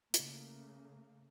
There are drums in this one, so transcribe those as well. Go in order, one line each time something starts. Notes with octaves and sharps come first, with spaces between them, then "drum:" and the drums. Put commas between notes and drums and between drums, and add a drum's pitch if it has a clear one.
C#3 A3 A#3, drum: hi-hat